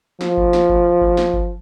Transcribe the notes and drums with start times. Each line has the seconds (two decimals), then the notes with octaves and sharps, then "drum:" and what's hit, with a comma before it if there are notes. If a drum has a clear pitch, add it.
0.21 F3, drum: snare
0.37 drum: kick G1
0.53 drum: snare
0.69 drum: kick G1
1.01 drum: kick G1
1.17 drum: snare
1.33 drum: kick G1